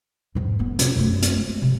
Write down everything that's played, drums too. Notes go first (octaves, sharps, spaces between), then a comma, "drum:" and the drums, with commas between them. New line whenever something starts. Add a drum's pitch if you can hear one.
E2 G#2
D3 B3
C3, drum: hi-hat
F#2 A3
drum: hi-hat
G#3
C3